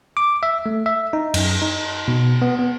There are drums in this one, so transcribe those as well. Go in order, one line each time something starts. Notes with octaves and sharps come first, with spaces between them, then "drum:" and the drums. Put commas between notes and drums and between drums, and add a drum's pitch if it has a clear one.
D6
E5
A3
E5
D#4
F#2, drum: cymbal
D#4
B2
B3
B3